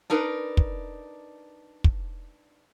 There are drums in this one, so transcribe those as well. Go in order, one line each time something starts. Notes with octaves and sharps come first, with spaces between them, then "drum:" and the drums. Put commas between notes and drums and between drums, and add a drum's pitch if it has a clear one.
D4 D#4 A#4 B4
drum: kick
drum: kick